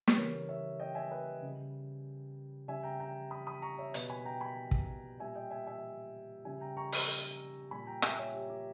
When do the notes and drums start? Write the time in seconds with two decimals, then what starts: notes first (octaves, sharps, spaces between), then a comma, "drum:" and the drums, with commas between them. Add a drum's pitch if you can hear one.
0.07 B4, drum: snare
0.16 C#3 E3 G3 A#4 C#5
0.49 C#5 E5
0.80 D#5 G5
0.95 E5 G#5
1.11 B4 D#5
1.42 C#3 G3
2.68 C#3 G3 E5 G#5
2.83 G5 A#5
3.00 G5 A#5
3.31 B5 D#6
3.47 B5 D#6
3.62 A#5 C#6
3.78 C#5 E5
3.94 B2 G3 B4 D#5, drum: hi-hat
4.10 G#5 B5
4.25 G5 A#5
4.41 G#5 B5
4.71 drum: kick
5.20 A#2 G3 E5 G#5
5.35 D#5 G5
5.51 E5 G#5
5.67 E5 G#5
6.45 C#3 G3 E5 G#5
6.61 G5 A#5
6.77 A#5 C#6
6.92 C#6 E6, drum: open hi-hat
7.71 A#2 G3 G#5 B5
7.87 G5 A#5
8.02 E5 G#5, drum: rim click
8.19 C#5 E5
8.34 G4
8.50 G4